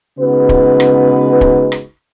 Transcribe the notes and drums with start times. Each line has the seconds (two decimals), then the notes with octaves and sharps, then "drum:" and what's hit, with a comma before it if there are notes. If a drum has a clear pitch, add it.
0.18 C#3 G#3 B3 D#4 F#4 B4
0.49 drum: kick D1
0.80 drum: rim click
1.41 drum: kick D1
1.72 drum: rim click